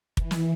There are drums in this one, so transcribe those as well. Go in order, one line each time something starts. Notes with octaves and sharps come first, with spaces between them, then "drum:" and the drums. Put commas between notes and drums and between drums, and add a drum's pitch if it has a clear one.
E3, drum: kick
drum: snare